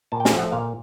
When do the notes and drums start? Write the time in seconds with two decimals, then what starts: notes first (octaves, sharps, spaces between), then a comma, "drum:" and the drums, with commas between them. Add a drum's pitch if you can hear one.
0.12 A#2 A5
0.20 G5
0.25 G#5, drum: snare
0.32 F3 A3
0.38 F#5
0.52 A#2 F5